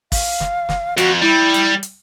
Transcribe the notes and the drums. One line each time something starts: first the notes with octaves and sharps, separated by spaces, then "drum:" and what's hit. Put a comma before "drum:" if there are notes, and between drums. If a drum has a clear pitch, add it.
F5, drum: kick, open hi-hat
drum: snare
drum: snare
F2 F#4, drum: hi-hat
G3 E4
drum: hi-hat
drum: hi-hat